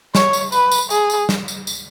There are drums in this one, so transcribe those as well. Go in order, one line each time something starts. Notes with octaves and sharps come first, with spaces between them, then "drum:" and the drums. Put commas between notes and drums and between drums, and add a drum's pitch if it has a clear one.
C#5, drum: snare
drum: tambourine
B4, drum: tambourine
drum: tambourine
G#4, drum: tambourine
drum: tambourine
drum: snare
drum: tambourine
drum: tambourine